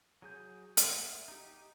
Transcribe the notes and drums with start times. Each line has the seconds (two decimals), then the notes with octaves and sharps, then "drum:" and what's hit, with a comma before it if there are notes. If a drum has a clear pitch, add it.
0.22 F#3 G#4 G6
0.77 E5 F#5, drum: hi-hat
1.28 D#4 G4